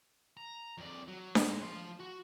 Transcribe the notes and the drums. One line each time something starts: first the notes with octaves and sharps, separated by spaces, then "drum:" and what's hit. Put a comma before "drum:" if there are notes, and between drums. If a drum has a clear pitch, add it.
A#5
F2 D5
F#3
drum: snare D4
G#3 D#4
F3 C6
F#4